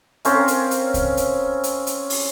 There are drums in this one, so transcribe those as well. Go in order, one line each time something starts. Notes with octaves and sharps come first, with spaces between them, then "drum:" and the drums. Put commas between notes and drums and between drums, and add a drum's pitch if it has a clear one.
C4 C#4 A#4 F5, drum: hi-hat
drum: hi-hat
drum: hi-hat
drum: kick C2, hi-hat
drum: hi-hat
drum: hi-hat
drum: hi-hat
drum: open hi-hat